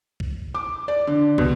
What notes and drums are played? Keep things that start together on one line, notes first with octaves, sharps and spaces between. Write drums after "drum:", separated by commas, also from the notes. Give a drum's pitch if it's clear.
drum: kick
D6
D5
D3
B2, drum: kick